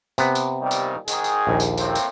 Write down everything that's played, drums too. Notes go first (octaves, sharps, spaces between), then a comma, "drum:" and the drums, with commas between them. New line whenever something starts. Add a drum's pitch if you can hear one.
C3 B3, drum: tambourine
drum: tambourine
A#2 D#3 G3
drum: tambourine
G#2 D#3 G#4, drum: tambourine
drum: tambourine
A#1 D#2
drum: tambourine
A2 A#3 C4, drum: tambourine
drum: tambourine